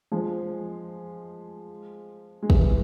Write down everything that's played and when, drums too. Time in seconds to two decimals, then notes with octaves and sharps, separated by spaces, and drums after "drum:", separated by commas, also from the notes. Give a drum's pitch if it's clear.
0.12 F3 G#3
2.43 G#3
2.50 E3 G3, drum: kick